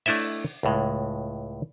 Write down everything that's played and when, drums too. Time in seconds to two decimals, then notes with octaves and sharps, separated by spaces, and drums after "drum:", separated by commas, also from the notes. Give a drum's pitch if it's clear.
0.06 A3 D4 E4 D#5 E5, drum: open hi-hat
0.63 C#2 A2 G#3